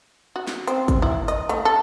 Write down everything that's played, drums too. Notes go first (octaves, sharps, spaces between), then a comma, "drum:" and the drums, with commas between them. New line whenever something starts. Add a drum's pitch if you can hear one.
F#4
drum: snare
C4, drum: hi-hat
drum: kick, hi-hat
E4
D#5, drum: hi-hat
A3, drum: hi-hat
A4